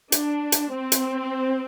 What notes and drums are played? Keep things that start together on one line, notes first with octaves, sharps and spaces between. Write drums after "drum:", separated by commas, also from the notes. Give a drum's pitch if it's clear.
D4, drum: hi-hat
drum: hi-hat
C4
drum: hi-hat